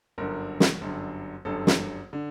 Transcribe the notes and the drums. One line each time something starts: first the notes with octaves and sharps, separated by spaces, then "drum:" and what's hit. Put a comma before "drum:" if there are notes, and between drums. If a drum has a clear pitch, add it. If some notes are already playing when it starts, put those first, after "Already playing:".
G1 F#2 D3 A#4
drum: snare
G1 F#2 D3
G1 F#2 D3 A4
drum: snare
D3